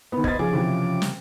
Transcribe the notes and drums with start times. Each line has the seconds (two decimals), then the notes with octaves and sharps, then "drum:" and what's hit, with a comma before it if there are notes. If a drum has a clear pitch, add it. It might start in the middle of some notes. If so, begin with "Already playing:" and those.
0.12 D#3 B3
0.24 B4 C5 D#5 G#6 A6, drum: kick
0.39 C#3 F3 G#4 D6
0.53 C3 E3
1.02 drum: snare